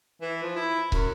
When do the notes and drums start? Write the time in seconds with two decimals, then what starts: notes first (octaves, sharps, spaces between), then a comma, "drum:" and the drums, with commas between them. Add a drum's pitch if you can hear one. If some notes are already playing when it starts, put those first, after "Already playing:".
0.22 E3
0.42 F3
0.55 E4
0.92 F#2, drum: kick